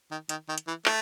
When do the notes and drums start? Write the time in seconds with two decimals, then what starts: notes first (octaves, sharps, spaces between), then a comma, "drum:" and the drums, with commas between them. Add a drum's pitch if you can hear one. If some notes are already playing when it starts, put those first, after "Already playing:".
0.11 D#3
0.29 D#3, drum: hi-hat
0.48 D#3
0.58 drum: hi-hat
0.67 E3
0.86 A3, drum: clap